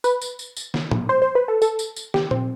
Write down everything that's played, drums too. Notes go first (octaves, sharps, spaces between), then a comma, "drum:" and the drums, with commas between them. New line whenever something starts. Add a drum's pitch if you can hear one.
B4, drum: tambourine
drum: tambourine
drum: tambourine
drum: tambourine
drum: snare
drum: tom
C5
C5
B4
A4
A4, drum: tambourine
drum: tambourine
drum: tambourine
G4, drum: snare
C4, drum: tom A#2